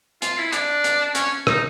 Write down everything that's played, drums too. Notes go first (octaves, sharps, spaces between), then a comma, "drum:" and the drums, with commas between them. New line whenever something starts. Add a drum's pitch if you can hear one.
F4, drum: hi-hat
E4
D4, drum: hi-hat
drum: hi-hat
C#4, drum: hi-hat
D#4, drum: rim click